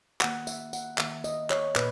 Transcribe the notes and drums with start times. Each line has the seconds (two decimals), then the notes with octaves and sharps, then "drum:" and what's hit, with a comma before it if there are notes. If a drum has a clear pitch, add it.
0.21 D#3 A#3 F#5, drum: clap
0.47 E5, drum: tambourine
0.73 F#5, drum: tambourine
0.98 D#3 A#3 E5, drum: clap
1.24 D#5, drum: tambourine
1.50 C#5, drum: clap
1.76 A#2 B4, drum: clap